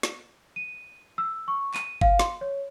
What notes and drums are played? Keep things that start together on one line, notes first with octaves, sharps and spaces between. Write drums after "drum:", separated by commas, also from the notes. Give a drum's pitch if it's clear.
drum: snare
D#7
E6
C#6
D#7, drum: clap
F5, drum: kick G1
C6, drum: snare
C#5